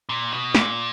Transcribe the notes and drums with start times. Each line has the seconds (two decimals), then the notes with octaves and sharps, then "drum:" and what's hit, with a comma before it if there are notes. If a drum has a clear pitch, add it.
0.09 A#2
0.32 B2
0.55 A#2, drum: snare